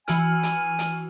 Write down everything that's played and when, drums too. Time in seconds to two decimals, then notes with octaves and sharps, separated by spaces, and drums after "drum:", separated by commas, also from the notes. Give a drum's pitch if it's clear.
0.08 E3 F#4 G#5 F6, drum: hi-hat
0.43 drum: hi-hat
0.79 drum: hi-hat